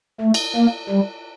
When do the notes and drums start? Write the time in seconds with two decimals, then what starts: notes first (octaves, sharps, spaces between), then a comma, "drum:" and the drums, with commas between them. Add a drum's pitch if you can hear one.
0.21 A3
0.34 drum: cymbal
0.56 A#3
0.90 G3